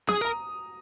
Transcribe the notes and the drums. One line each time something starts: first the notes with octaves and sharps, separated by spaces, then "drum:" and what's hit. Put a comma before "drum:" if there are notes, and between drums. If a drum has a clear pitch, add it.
G#4 D#6, drum: snare
A#4 A#5